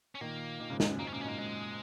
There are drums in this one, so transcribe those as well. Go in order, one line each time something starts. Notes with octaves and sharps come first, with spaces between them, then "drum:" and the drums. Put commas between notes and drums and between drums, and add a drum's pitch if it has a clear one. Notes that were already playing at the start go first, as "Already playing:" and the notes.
C#4
A#2 D#3 A#3
A#2 D#3
G#2 C#3
G#2, drum: snare
F#2
G#2 A#3
C#4
F#2 A#2 A#3
C#4
G#2 A#3
G#2 G#3